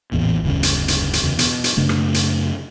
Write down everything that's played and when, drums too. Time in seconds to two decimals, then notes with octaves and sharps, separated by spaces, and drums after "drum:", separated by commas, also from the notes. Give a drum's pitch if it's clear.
0.12 A1 E2 A#2
0.44 F1 D2 G2 C#3
0.63 drum: hi-hat
0.88 drum: hi-hat
1.13 drum: hi-hat
1.23 E2 C#3
1.39 B2, drum: hi-hat
1.64 drum: hi-hat
1.77 F#2 C#3 A3 D4
1.89 drum: rim click
2.14 drum: hi-hat